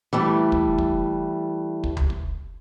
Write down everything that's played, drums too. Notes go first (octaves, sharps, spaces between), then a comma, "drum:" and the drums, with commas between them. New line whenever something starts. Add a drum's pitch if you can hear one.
E3 G3 A3
drum: kick
drum: kick
drum: kick
drum: tom C#2
drum: kick